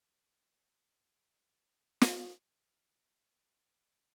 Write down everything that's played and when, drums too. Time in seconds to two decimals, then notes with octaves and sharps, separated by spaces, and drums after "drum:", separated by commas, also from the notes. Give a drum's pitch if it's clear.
0.17 G#2
0.32 G2
0.76 F2
0.90 G2
0.99 G#2
1.05 G2
1.19 F2
1.31 G#2
1.42 G#2
1.53 A#2
1.64 G#2
2.01 drum: snare
2.52 G2
2.63 F2
2.73 G2
2.84 G2
2.96 G#2
3.11 C3
3.25 D3
3.40 F3
3.55 D#3
3.70 D#3